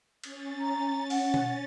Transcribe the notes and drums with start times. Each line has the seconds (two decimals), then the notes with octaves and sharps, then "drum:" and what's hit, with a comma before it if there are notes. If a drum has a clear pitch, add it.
0.24 C#4 A6, drum: cymbal
0.60 A#5
1.10 F#5, drum: open hi-hat
1.34 drum: tom B2